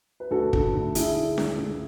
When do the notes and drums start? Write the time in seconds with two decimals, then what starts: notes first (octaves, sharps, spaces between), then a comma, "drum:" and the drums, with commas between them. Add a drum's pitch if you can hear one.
0.20 B4
0.31 D2 F#4 A4
0.53 D3, drum: kick
0.74 D2
0.95 D3 E4 G#4, drum: hi-hat
1.17 D2
1.38 D3, drum: snare C#4
1.58 C#2